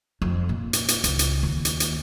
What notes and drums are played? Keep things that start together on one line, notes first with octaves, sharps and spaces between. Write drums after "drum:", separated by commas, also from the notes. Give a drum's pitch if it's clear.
F2
A#2
drum: hi-hat
drum: hi-hat
C#2, drum: hi-hat
drum: hi-hat
D#2
drum: hi-hat
drum: hi-hat